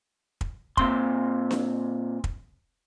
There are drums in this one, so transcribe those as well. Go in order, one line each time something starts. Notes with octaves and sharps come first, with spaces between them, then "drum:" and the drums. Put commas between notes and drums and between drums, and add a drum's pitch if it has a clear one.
drum: kick
A#2 C4 C6, drum: kick
drum: snare D4
drum: kick